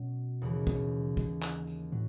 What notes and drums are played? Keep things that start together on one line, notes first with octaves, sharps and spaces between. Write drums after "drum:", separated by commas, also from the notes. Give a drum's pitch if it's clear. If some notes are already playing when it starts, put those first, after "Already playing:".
Already playing: B2 F#3 C#4
D#2 C#3 E3
drum: kick, tambourine
drum: kick, tambourine
drum: clap
drum: tambourine
A2 F#3